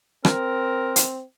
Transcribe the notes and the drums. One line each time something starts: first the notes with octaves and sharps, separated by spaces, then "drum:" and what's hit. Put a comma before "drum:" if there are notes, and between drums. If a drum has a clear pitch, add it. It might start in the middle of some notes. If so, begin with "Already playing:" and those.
C4 A#4, drum: rim click
drum: hi-hat